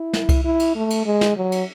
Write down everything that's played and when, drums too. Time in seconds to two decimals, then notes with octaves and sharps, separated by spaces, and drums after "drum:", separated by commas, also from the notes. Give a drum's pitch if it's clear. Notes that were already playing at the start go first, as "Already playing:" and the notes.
Already playing: E4
0.13 drum: snare
0.29 drum: kick C2, cymbal
0.44 E4
0.60 drum: cymbal
0.75 A3
0.90 drum: cymbal
1.06 G#3
1.21 drum: snare
1.37 F#3
1.52 drum: cymbal